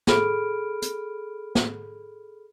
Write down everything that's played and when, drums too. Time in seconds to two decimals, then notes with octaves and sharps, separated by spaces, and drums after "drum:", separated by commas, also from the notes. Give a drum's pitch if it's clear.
0.07 G#4 A4 B5 F6 D7, drum: snare
0.82 drum: hi-hat
1.55 drum: snare